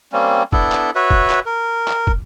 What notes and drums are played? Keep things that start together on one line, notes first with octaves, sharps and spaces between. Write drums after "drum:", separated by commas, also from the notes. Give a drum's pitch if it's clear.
G3 A#3 C4 C#4
B3 D4 E4 A4, drum: kick
drum: clap
F#4 B4 C#5 E5
drum: kick
drum: clap
A#4
drum: clap
drum: kick